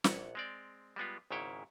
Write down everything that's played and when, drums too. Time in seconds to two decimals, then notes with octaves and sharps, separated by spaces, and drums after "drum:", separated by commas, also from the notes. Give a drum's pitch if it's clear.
0.04 A#1 F#5, drum: snare
0.35 G#3 C4 D5
0.96 G3 G#3 B3 F4
1.31 G#1 G#2 C#3 E4 C#5 G5